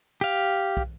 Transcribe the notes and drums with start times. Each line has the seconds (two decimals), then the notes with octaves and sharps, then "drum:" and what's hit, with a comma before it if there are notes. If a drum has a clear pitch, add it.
0.21 G4 F5
0.77 drum: kick